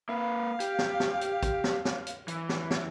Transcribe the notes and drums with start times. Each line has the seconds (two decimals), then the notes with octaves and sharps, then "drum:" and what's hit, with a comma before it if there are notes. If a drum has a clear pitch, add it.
0.09 A#3 B4 F5
0.60 G4, drum: hi-hat
0.79 drum: snare
1.00 drum: snare
1.21 drum: hi-hat
1.43 drum: kick, hi-hat
1.64 drum: snare
1.85 drum: snare
2.07 drum: hi-hat
2.28 E3, drum: hi-hat
2.49 drum: snare
2.71 drum: snare